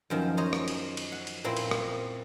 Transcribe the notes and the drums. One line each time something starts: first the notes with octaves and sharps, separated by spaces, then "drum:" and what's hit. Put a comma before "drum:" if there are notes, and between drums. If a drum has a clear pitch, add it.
F#2 D#3 F3
C5 C#5 D#5 A#5
drum: rim click
drum: cymbal
drum: cymbal
F#5
drum: cymbal
A#2 A#3 C4 E4
drum: cymbal
drum: rim click